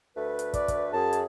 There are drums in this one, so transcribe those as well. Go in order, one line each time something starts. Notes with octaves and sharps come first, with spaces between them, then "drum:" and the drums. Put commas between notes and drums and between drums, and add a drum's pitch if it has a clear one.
D2 A3 B4
drum: hi-hat
D5, drum: kick, hi-hat
drum: kick, hi-hat
F#2 G#4 A5
drum: hi-hat